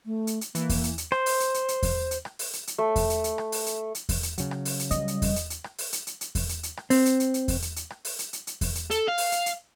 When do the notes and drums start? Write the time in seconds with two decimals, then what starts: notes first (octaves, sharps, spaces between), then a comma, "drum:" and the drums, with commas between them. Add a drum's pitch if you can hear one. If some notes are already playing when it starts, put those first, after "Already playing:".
0.06 A3
0.27 drum: hi-hat
0.41 drum: hi-hat
0.55 E3 A#3, drum: hi-hat
0.69 drum: kick E2, open hi-hat
0.84 drum: hi-hat
0.98 drum: hi-hat
1.12 C5, drum: rim click
1.26 drum: open hi-hat
1.40 drum: hi-hat
1.54 drum: hi-hat
1.68 drum: hi-hat
1.83 drum: kick E2, open hi-hat
2.11 drum: hi-hat
2.25 drum: rim click
2.39 drum: open hi-hat
2.53 drum: hi-hat
2.67 drum: hi-hat
2.78 A3
2.96 drum: kick E2, open hi-hat
3.10 drum: hi-hat
3.24 drum: hi-hat
3.38 drum: rim click
3.52 drum: open hi-hat
3.66 drum: hi-hat
3.95 drum: hi-hat
4.09 drum: kick E2, open hi-hat
4.23 drum: hi-hat
4.38 C#3 F#3, drum: hi-hat
4.51 drum: rim click
4.65 drum: open hi-hat
4.79 drum: hi-hat
4.91 G3 D#5, drum: hi-hat
5.08 drum: hi-hat
5.22 drum: kick E2, open hi-hat
5.36 drum: hi-hat
5.50 drum: hi-hat
5.64 drum: rim click
5.78 drum: open hi-hat
5.93 drum: hi-hat
6.07 drum: hi-hat
6.21 drum: hi-hat
6.35 drum: kick E2, open hi-hat
6.49 drum: hi-hat
6.63 drum: hi-hat
6.77 drum: rim click
6.90 C4, drum: open hi-hat
7.06 drum: hi-hat
7.20 drum: hi-hat
7.34 drum: hi-hat
7.48 drum: kick E2, open hi-hat
7.62 drum: hi-hat
7.76 drum: hi-hat
7.90 drum: rim click
8.05 drum: open hi-hat
8.19 drum: hi-hat
8.33 drum: hi-hat
8.47 drum: hi-hat
8.61 drum: kick E2, open hi-hat
8.75 drum: hi-hat
8.91 A4, drum: hi-hat
9.09 F5
9.18 drum: open hi-hat
9.32 drum: hi-hat
9.46 drum: hi-hat